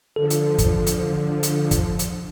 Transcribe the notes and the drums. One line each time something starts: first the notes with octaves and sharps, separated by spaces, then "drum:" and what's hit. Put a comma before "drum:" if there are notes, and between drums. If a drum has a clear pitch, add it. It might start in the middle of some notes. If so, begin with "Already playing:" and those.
D3 F3 A4
drum: hi-hat
drum: kick, hi-hat
drum: hi-hat
drum: hi-hat
drum: kick, hi-hat
drum: hi-hat